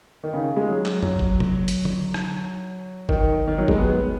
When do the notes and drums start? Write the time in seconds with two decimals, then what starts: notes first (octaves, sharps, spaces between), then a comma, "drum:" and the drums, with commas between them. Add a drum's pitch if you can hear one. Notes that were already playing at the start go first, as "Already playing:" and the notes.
0.24 D#3
0.33 C#3
0.56 G#3
0.68 F#3
0.85 drum: clap
1.03 F#3, drum: tom F#2
1.19 drum: kick G1
1.40 drum: tom
1.68 drum: hi-hat
1.85 drum: tom D3
2.14 drum: rim click
3.09 D#3, drum: kick G1
3.48 D#3
3.58 F#3
3.68 G#3, drum: kick G1
3.78 B3